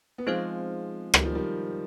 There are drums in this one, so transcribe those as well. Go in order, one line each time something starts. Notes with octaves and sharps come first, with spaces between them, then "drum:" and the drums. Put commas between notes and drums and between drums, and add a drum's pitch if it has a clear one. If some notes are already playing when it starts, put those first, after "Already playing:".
B3
F3 G#3 C4 D#4 G#4 C5 F5
D#3 G3, drum: rim click
F3
D#3 G3